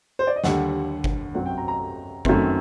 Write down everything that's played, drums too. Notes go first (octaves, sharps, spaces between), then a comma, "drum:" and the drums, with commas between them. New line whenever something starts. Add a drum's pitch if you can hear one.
C5
D5
D#5
D#2 D3 G3 F#5, drum: snare
drum: kick G1
F#2 F#3 C4 F#5
G5
A#5
A#5
F#2 D#3 A3 C4, drum: kick G1